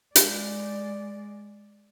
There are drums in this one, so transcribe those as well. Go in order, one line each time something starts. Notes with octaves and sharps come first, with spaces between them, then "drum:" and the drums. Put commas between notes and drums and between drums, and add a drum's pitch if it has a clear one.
G#3 D5, drum: hi-hat